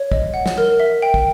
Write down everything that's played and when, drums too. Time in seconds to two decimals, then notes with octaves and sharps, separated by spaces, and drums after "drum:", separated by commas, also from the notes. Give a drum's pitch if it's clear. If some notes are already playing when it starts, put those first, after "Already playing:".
Already playing: C#5
0.12 D#5, drum: kick
0.34 F#5
0.46 drum: snare
0.58 A#4
0.80 E5
1.02 G5
1.14 drum: kick